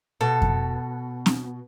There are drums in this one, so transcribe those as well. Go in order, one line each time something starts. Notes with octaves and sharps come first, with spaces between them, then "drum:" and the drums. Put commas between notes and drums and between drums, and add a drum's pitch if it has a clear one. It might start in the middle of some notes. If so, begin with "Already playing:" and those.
B2 A4
drum: kick F2
drum: snare C4